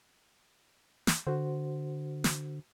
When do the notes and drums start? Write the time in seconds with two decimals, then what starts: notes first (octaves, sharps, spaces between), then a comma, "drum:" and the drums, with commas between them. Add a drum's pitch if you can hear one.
1.07 drum: snare
1.27 D3 F#4 C5
2.24 drum: snare